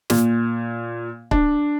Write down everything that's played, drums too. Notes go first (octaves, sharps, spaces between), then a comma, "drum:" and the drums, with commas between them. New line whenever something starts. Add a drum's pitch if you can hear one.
A#2, drum: snare
D4, drum: kick C#1